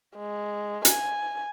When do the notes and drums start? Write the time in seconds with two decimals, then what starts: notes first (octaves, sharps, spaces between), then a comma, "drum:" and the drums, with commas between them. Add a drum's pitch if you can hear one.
0.16 G#3
0.85 G#5, drum: hi-hat